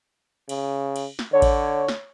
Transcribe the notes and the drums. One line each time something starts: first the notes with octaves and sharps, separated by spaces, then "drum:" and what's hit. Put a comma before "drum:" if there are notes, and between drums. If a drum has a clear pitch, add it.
C#3, drum: cymbal
drum: cymbal
drum: snare
D3 C#5
drum: kick A1, cymbal
drum: snare